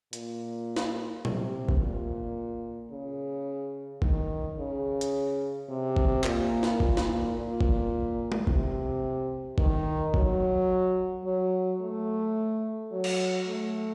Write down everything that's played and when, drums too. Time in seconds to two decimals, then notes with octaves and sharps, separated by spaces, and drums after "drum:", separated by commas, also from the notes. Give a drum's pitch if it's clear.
0.13 A#2, drum: hi-hat
0.76 drum: snare
1.25 C3, drum: tom
1.69 drum: kick
1.80 A#2
2.91 C#3
4.02 D#3, drum: kick
4.58 C#3
5.01 drum: hi-hat
5.69 C3
5.97 drum: kick
6.24 A#2, drum: clap
6.63 drum: snare
6.80 A#2, drum: kick
6.97 drum: snare
7.36 A#2
7.61 drum: kick
8.32 drum: tom
8.47 C3, drum: kick
9.58 D#3, drum: kick
10.14 F#3, drum: kick
11.25 F#3
11.81 A3
12.91 F#3
13.04 drum: cymbal
13.47 A3